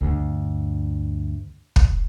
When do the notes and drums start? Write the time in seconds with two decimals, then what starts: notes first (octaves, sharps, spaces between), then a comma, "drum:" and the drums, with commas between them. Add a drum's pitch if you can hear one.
0.01 D2 G2
1.76 drum: kick